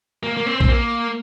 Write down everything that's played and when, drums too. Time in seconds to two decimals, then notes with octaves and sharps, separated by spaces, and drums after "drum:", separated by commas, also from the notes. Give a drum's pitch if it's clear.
0.23 A#3
0.37 A#3
0.46 C4
0.60 C4, drum: kick
0.69 A#3